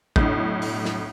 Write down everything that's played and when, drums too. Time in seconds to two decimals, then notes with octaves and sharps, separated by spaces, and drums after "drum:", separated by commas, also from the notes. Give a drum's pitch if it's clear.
0.16 B1 A2 D3, drum: kick A1
0.62 drum: open hi-hat
0.85 drum: snare